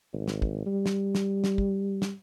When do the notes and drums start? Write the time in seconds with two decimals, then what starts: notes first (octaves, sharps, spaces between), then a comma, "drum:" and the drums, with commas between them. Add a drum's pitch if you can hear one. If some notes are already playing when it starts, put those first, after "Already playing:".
0.13 G#1
0.28 drum: snare
0.42 drum: kick
0.66 G3
0.86 drum: snare
1.15 drum: snare
1.44 drum: snare
1.58 drum: kick
2.02 drum: snare